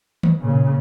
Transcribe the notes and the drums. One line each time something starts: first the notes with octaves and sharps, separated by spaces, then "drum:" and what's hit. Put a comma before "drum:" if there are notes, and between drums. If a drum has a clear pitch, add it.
drum: tom D#3
A#2 C#3